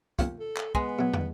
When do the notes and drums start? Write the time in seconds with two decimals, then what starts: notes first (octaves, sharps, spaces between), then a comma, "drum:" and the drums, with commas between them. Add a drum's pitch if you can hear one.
0.19 D#2 C#4 F4, drum: kick, hi-hat
0.39 A4
0.57 drum: clap
0.75 G#3 B3, drum: kick
0.99 B2 F#3
1.14 drum: tom